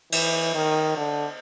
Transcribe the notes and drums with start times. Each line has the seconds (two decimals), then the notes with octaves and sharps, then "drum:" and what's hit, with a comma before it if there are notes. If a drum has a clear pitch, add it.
0.12 E3, drum: cymbal
0.55 D#3
0.97 D3